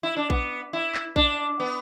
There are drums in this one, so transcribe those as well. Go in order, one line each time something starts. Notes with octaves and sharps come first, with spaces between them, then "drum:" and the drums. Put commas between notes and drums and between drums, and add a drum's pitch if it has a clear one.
E4
D4
B3, drum: kick A#1
E4
drum: clap
D4, drum: kick A#1
B3